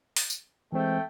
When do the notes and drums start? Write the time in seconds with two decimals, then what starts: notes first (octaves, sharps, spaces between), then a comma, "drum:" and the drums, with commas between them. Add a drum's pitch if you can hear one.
0.16 drum: open hi-hat
0.30 drum: tambourine
0.72 E3 G#3 A3 C4 G5